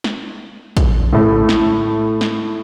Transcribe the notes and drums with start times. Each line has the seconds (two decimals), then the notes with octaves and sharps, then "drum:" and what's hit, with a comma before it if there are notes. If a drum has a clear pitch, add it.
0.04 drum: snare
0.77 drum: kick, hi-hat
1.13 A2 A3
1.49 drum: snare
2.21 drum: snare